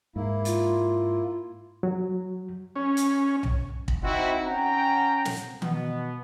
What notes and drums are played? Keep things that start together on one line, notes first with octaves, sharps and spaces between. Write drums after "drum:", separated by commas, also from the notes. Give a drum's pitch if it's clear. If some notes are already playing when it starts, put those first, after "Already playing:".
G#2 A#3 E4
F4, drum: hi-hat
F#3
C#4
drum: hi-hat
drum: tom B1
drum: kick
C4 D#4 E4 F#4
C#4 F#5 G5 A#5
drum: snare
B2 B3, drum: tom D#3